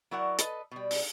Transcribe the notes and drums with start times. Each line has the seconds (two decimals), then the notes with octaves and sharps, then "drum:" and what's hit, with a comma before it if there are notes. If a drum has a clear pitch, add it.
0.11 F#3 E4 F#4 A#4 D5 F#5
0.39 A4 B4 D#5, drum: hi-hat
0.71 B2 G3
0.91 drum: open hi-hat